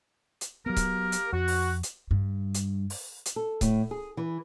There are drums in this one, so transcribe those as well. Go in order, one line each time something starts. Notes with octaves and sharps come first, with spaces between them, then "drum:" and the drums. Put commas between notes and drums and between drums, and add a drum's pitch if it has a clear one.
drum: hi-hat
F#3 A#3 B3 G4 A#4
drum: kick C#1, hi-hat
drum: hi-hat
F2 F#4
drum: open hi-hat
drum: hi-hat
G2
drum: hi-hat
drum: open hi-hat
drum: hi-hat
A4
A2, drum: kick C#1, hi-hat
G#4
E3